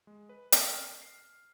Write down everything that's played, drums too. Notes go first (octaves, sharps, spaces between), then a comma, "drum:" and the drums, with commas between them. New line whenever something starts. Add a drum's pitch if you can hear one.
G#3
B4
drum: hi-hat
F6
C7